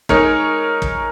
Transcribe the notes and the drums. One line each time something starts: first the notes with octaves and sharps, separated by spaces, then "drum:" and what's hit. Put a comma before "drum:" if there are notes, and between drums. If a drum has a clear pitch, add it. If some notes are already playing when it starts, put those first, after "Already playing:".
G#3 D#4 A#4 C#5, drum: kick
drum: kick